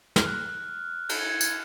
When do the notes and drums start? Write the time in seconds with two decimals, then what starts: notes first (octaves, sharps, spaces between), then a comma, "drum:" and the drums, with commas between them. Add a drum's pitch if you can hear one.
0.16 F6, drum: snare
0.27 F#6
0.47 F#6
1.09 G6, drum: cymbal
1.19 G#6
1.30 G#6
1.41 G#6, drum: tambourine